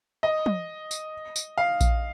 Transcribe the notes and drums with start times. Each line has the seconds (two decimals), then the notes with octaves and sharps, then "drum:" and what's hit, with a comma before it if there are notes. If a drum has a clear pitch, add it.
0.23 D#5
0.46 drum: tom
0.91 drum: tambourine
1.36 drum: tambourine
1.58 F5
1.81 drum: kick A#1, tambourine